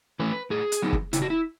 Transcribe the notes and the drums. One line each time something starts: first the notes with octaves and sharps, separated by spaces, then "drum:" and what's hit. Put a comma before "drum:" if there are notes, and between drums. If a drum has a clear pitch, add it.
E3 A3 C#4 B4
A2 G#4
drum: hi-hat
F#3 B3 D#4
drum: kick
C#3 E4, drum: hi-hat
F#4
E4